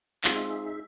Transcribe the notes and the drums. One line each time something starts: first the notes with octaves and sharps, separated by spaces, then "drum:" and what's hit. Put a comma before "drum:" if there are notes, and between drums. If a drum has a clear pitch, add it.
G#3 C4 D#4 F4 G#4 E5, drum: clap